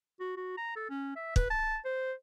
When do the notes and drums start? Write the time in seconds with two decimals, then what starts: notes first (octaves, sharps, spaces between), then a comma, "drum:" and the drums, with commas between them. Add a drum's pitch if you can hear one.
0.20 F#4
0.37 F#4
0.57 A#5
0.76 A4
0.90 C#4
1.16 E5
1.36 B4, drum: kick
1.50 A5
1.85 C5